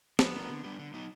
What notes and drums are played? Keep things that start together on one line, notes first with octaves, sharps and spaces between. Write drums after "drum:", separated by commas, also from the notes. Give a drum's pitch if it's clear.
F3 B3, drum: snare
A#3 D4 F4 A#4
D3
G3 B3 D4 G4
D3
F#3 B3 D#4